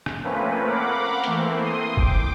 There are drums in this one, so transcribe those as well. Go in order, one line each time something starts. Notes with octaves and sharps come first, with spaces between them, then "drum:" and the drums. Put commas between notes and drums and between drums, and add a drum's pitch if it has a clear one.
drum: rim click
F3 A3 A#3 C4 C#4 B4
A#4 F5 F#5 B5 D6
E3 A3 A#3 C4, drum: hi-hat
C6 D#6
G5 D6, drum: kick